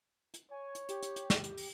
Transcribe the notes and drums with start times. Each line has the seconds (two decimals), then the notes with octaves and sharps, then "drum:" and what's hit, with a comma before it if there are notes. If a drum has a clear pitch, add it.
0.34 drum: hi-hat
0.51 C#5 G#5
0.75 drum: hi-hat
0.89 G4, drum: hi-hat
1.02 drum: hi-hat
1.16 drum: hi-hat
1.30 drum: snare
1.44 drum: hi-hat
1.57 drum: open hi-hat